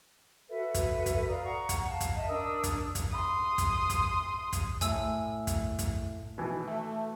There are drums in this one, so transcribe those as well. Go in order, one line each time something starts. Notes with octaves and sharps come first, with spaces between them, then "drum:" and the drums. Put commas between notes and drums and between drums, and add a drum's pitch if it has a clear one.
F#4 A4 B4 E5
drum: kick, hi-hat
drum: kick, hi-hat
D5 F5 A#5 D#6
F#5 A#5 C#6
drum: kick, hi-hat
F5 A5
drum: kick, hi-hat
D#5 E5 A5
D4 A#4 D#6 E6
drum: kick, hi-hat
drum: kick, hi-hat
C6 D#6
drum: kick, hi-hat
drum: kick, hi-hat
drum: kick, hi-hat
A2 G#5 E6, drum: kick, hi-hat
drum: kick, hi-hat
drum: kick, hi-hat
B2 E3
A3